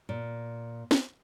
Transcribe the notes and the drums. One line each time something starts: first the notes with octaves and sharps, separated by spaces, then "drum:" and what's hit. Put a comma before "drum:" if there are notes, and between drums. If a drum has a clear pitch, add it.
A#2
drum: snare